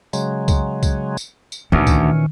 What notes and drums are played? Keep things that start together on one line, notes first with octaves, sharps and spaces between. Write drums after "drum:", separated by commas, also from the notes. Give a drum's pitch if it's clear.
C#3 F#3 G#3, drum: tambourine
drum: kick, tambourine
drum: kick, tambourine
drum: tambourine
drum: tambourine
D2 A#2 D#3 E3 C#4
drum: kick, tambourine